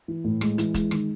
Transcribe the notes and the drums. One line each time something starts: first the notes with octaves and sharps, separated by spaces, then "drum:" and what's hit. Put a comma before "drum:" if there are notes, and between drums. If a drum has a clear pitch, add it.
E3
A2
G#3, drum: rim click
E3, drum: hi-hat
G#3, drum: kick, hi-hat
D#3, drum: rim click